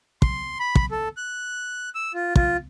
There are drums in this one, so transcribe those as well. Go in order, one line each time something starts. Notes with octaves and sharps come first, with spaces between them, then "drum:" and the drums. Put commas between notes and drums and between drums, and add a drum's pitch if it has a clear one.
C6, drum: kick
B5
drum: kick
A4
F#6
E6
F4
F4, drum: kick